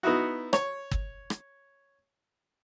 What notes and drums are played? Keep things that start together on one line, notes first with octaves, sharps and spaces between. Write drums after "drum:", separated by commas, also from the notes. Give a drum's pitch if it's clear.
B3 D#4 E4 F#4
C#5, drum: rim click
drum: kick
drum: rim click